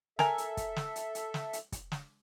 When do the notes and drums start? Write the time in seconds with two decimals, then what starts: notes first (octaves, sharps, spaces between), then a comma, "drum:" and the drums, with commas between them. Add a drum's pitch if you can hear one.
0.19 A4 A#4 E5 G#5, drum: snare
0.38 drum: hi-hat
0.57 drum: kick, hi-hat
0.76 drum: snare
0.96 drum: hi-hat
1.15 drum: hi-hat
1.34 drum: snare
1.53 drum: hi-hat
1.72 drum: kick, hi-hat
1.92 drum: snare